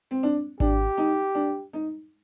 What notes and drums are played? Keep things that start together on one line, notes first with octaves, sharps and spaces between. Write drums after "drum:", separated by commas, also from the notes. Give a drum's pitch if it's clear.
C4
D4
D4 G4, drum: kick G#1
D#4
D4
D#4